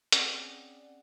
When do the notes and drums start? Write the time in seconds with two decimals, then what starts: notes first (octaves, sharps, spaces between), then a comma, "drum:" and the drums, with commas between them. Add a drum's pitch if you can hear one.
0.12 C4 C#4 G#4 D5 F#5, drum: hi-hat